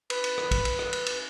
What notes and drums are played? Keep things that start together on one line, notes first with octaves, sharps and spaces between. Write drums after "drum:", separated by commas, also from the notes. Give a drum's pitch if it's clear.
B4, drum: cymbal
drum: cymbal
drum: rim click
drum: kick, cymbal
drum: cymbal
drum: rim click
drum: cymbal
drum: cymbal